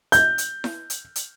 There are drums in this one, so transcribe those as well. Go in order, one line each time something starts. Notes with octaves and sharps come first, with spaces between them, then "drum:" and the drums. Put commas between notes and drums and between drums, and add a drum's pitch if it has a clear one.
G6, drum: hi-hat
drum: hi-hat
drum: snare E4
drum: hi-hat
drum: hi-hat